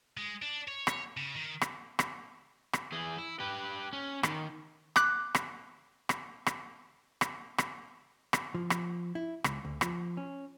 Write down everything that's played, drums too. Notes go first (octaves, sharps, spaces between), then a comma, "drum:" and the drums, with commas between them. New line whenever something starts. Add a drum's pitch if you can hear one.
G#3
D4
C#5
drum: rim click
C#3
D#3
drum: rim click
drum: rim click
drum: rim click
E3 G#4
E4
G4 B4
C#4
D#3, drum: rim click
D6 F#6, drum: rim click
drum: rim click
drum: rim click
drum: rim click
drum: rim click
drum: rim click
drum: rim click
F3
drum: rim click
E4
C#2, drum: rim click
D2
F3, drum: rim click
C#4